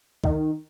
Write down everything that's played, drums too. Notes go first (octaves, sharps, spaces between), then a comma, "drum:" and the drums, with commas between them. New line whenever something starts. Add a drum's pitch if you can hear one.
D#3, drum: kick C#2